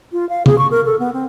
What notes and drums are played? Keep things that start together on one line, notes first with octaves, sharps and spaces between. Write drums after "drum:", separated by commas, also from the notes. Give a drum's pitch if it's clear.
F4
F5
G#4, drum: tom
C#6
A#4
A4
B3
C4